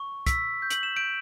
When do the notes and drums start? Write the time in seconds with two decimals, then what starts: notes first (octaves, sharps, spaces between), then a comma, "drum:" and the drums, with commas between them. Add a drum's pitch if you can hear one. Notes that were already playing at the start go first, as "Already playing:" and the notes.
Already playing: C#6
0.27 E6 B6, drum: kick, hi-hat
0.62 G6
0.70 F#7, drum: hi-hat
0.83 E7
0.96 G6 D7